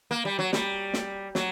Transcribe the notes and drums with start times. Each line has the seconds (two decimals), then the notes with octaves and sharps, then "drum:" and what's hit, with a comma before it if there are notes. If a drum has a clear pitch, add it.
0.11 A#3
0.25 G3
0.39 F#3
0.53 G3, drum: snare
0.94 drum: snare
1.35 F#3, drum: snare